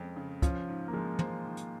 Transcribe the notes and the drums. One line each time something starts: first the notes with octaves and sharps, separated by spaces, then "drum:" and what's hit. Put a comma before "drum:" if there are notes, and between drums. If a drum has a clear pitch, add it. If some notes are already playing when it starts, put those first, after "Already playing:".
Already playing: F2 G#3 C#4
C#3
F3 C#4, drum: kick, hi-hat
G#2
A#3
F3 G#3
A#3 C5, drum: tom
D#3
drum: hi-hat